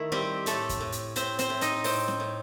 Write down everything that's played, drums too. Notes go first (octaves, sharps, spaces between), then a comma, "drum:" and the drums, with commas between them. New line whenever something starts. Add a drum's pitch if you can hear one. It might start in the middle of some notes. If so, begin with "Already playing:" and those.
Already playing: D#3 A3 E4
G3 C4 G4
A2 A3 A4, drum: hi-hat
drum: kick F2, hi-hat
A2
drum: hi-hat
A2 C4 C5, drum: hi-hat
C4 C5, drum: hi-hat
A2
D#4 D#5, drum: hi-hat
A2 C4 C5, drum: open hi-hat
drum: snare C#4
A2